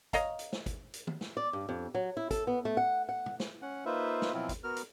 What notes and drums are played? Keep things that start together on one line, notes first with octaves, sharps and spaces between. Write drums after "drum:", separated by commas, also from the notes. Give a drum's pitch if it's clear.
C#5 D#5 F5 A#5, drum: kick, hi-hat
drum: hi-hat
drum: snare
drum: kick, hi-hat
drum: hi-hat
drum: tom
drum: snare
D5
G2
F2
F#3
E4
A4, drum: kick, hi-hat
B3
A3
F#5
F#5
drum: tom
drum: snare
C#4 F#5
A#3 D#4 F4 B4 C5 E5
drum: snare
B2 F3 F#3 C4 E4 F4
drum: kick, hi-hat
B3 F#4 A#4 F6
drum: hi-hat